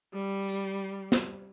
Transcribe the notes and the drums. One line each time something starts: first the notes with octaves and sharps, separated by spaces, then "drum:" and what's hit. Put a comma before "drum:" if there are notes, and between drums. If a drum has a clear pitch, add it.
G3
drum: tambourine
drum: snare